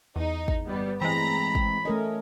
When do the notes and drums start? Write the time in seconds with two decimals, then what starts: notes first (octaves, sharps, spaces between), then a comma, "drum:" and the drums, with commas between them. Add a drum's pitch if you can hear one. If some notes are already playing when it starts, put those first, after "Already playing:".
0.16 E2 D#4
0.48 drum: kick
0.67 G1 G3 B3
1.02 A2 E3 G#3 C4 A#5 B5
1.55 drum: kick
1.85 A3 C#4 A#4 D#5